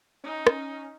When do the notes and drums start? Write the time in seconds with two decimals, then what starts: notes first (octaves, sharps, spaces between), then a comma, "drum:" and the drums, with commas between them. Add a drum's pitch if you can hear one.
0.24 C#4 D#4
0.47 drum: rim click